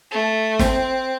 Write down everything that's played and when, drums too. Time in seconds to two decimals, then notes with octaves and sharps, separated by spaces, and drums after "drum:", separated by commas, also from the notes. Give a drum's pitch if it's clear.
0.11 A3
0.59 C4, drum: snare